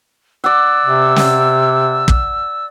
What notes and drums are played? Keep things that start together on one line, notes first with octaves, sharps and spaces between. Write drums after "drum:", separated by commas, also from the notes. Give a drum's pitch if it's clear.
D5 F#5 E6
C3
drum: snare
drum: kick